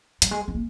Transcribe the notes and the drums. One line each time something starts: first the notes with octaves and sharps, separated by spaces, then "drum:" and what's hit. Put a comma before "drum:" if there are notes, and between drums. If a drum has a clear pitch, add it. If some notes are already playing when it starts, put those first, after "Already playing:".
G3, drum: hi-hat
G#3
C4
A#3